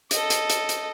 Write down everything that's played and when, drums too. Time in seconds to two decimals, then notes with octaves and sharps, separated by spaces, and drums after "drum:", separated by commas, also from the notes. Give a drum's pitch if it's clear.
0.11 A4 D#5, drum: hi-hat
0.30 drum: hi-hat
0.50 drum: hi-hat
0.69 drum: hi-hat